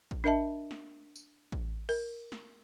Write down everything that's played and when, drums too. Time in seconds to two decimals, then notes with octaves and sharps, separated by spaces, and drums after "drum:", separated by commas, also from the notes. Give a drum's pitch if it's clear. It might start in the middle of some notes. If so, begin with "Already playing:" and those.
0.11 drum: kick A1
0.24 D4 A#4 D#5 E5 A5
0.71 drum: snare
1.16 drum: tambourine
1.52 drum: kick A1
1.89 A#4, drum: cymbal
2.32 drum: snare